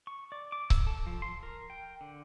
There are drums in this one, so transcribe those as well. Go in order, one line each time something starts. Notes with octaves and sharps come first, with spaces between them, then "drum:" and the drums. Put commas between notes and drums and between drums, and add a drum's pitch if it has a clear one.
C#6
D5
D6
E6, drum: kick C#1
A4
F3
C6
A#4
G5
D3